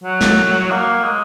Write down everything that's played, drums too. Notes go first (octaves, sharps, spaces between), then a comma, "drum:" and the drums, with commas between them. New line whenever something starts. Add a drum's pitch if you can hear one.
F#3
drum: snare
A#3
G#3